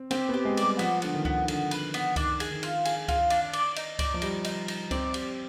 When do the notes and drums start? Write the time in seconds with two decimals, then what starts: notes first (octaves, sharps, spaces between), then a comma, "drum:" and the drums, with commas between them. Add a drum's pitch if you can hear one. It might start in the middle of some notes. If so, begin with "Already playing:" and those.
Already playing: C4
0.11 C4 G4, drum: cymbal
0.29 B3 G4
0.45 G#3
0.57 G3 D5, drum: cymbal
0.79 F3 B3, drum: cymbal
1.02 D3 B3, drum: cymbal
1.14 D#3
1.25 B3, drum: kick C#2
1.38 D#3
1.48 D3 B3, drum: cymbal
1.71 B4, drum: cymbal
1.94 B3, drum: cymbal
2.16 D#3 D4, drum: kick C#2, cymbal
2.40 G#4, drum: cymbal
2.51 D#3
2.63 F4, drum: cymbal
2.85 G#4, drum: cymbal
3.08 F4, drum: kick C#2, cymbal
3.30 D4, drum: cymbal
3.53 D5, drum: cymbal
3.76 D#4, drum: cymbal
3.99 D5, drum: kick C#2, cymbal
4.14 F3
4.22 G3 D#4, drum: cymbal
4.45 D#4, drum: cymbal
4.68 D#4, drum: cymbal
4.91 C4 D5, drum: kick C#2, cymbal
5.14 G4, drum: cymbal